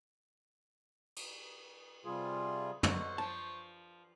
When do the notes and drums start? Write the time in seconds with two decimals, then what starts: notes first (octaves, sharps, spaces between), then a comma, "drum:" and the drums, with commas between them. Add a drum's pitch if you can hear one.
1.16 drum: cymbal
2.05 C3 G3 F4 G#4
2.83 B2 D3 A#4 C5 C#5 F5 C#6, drum: tom
3.18 F3 A5